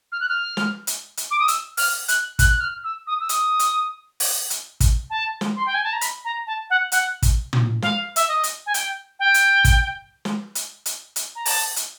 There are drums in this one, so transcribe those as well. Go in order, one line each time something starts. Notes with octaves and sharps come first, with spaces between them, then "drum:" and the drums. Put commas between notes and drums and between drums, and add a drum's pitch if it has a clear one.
F6
F#6
F6
drum: snare
drum: hi-hat
drum: hi-hat
D6
D#6
E6, drum: hi-hat
F6, drum: open hi-hat
F#6, drum: hi-hat
F#6, drum: kick, hi-hat
F#6
F6
E6
D#6
E6
D#6, drum: hi-hat
drum: hi-hat
drum: open hi-hat
drum: hi-hat
drum: kick, hi-hat
A5
drum: snare
C6
G5
G#5
A5
A#5
B5, drum: hi-hat
A#5
A5
F#5
F#5, drum: hi-hat
drum: kick, hi-hat
drum: tom
F5, drum: snare
E5, drum: hi-hat
D#5
drum: hi-hat
G#5
G5, drum: hi-hat
G5
drum: hi-hat
drum: kick, hi-hat
drum: snare
drum: hi-hat
drum: hi-hat
drum: hi-hat
A#5
A5, drum: open hi-hat
drum: hi-hat